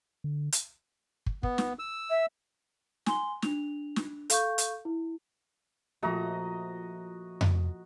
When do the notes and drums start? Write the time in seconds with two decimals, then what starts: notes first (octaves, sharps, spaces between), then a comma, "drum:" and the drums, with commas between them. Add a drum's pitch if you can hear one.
0.24 D3
0.52 drum: hi-hat
1.26 drum: kick
1.43 B3, drum: kick
1.58 drum: snare
1.79 E6
2.10 E5
3.06 G#5 C6 G7, drum: snare
3.42 D4 F7, drum: snare
3.96 drum: snare
4.30 A4 F5 C#6 G6, drum: hi-hat
4.58 drum: hi-hat
4.85 E4
6.03 A#2 F3 A3 F#4 D#5 E5 A#5
7.41 drum: tom F2